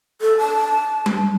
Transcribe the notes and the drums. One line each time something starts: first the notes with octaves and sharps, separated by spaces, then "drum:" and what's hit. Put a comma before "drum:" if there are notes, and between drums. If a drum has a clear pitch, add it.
A4
A5
drum: tom G3